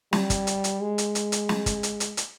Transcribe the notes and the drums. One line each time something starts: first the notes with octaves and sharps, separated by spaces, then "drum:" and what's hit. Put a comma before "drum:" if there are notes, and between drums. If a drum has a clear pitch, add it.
G3, drum: snare
drum: kick, hi-hat
drum: hi-hat
drum: hi-hat
G#3
drum: hi-hat
drum: hi-hat
drum: hi-hat
drum: snare
drum: kick, hi-hat
drum: hi-hat
drum: hi-hat
drum: hi-hat